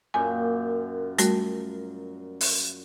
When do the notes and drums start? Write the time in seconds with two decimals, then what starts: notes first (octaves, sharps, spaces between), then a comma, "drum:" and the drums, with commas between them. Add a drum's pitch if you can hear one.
0.14 F#2 A#2 G5 G#5
1.19 G3 A3 F#4, drum: hi-hat
2.41 drum: open hi-hat